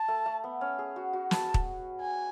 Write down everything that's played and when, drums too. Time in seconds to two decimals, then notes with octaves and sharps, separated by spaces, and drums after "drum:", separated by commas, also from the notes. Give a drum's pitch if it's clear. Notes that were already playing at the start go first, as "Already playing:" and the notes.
Already playing: A5
0.08 A3
0.26 A3
0.44 B3
0.61 C#4
0.79 G#4
0.96 F#4
1.13 F#4
1.31 B4 A5, drum: snare
1.54 drum: kick
2.01 G#5